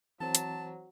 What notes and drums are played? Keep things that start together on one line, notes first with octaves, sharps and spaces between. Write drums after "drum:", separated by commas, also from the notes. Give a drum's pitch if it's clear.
E3 F#3 C4 C5 A5
drum: hi-hat